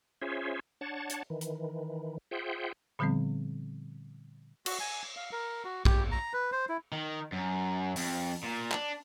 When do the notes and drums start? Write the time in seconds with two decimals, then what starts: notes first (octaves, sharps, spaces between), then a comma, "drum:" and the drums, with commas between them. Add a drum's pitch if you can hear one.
0.22 C#4 F4 G#4 C5 C#5 E5
0.81 D4 C#5 F#5 A5
1.10 drum: hi-hat
1.30 D#3 E3
1.41 drum: hi-hat
2.31 F4 G#4 C5 E5 F#5 G5
2.99 A#2 D3 F3 G3 B3 C4
4.66 F#4, drum: cymbal
4.80 G#5
5.17 F5
5.32 A#4
5.65 F#4
5.85 G4, drum: kick A#1
6.12 A#5
6.33 B4
6.52 C5
6.69 E4
6.92 D#3
7.32 F#2
7.96 F2, drum: open hi-hat
8.43 A#2
8.71 D4, drum: clap